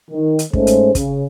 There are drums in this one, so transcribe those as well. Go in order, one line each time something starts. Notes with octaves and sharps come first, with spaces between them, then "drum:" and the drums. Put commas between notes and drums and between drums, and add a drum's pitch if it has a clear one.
D#3
drum: hi-hat
G#2 G#3 A3 C#4 C5, drum: kick
drum: hi-hat
C#3, drum: kick, hi-hat